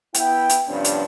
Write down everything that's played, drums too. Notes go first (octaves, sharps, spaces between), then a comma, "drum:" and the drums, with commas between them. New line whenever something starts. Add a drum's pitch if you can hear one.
B3 E4 G5, drum: hi-hat
drum: hi-hat
G2 C3 F3 B3 C#4 D4
drum: hi-hat